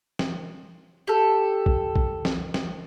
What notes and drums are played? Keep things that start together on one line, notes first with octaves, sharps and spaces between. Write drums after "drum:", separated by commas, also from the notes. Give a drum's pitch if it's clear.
drum: snare
G4 A4
drum: kick
drum: kick
drum: snare
drum: snare